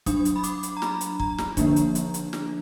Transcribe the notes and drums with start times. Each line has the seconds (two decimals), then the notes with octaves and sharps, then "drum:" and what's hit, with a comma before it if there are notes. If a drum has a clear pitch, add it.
0.06 F#3 D4 D#6, drum: kick, hi-hat
0.25 drum: hi-hat
0.36 B5
0.44 D6, drum: hi-hat
0.63 drum: hi-hat
0.77 A#5
0.82 B5, drum: snare
1.01 drum: hi-hat
1.20 A#5, drum: kick
1.38 drum: snare
1.57 D3 F3 A#3 D4, drum: kick, hi-hat
1.76 drum: hi-hat
1.95 drum: hi-hat
2.14 drum: hi-hat
2.33 drum: snare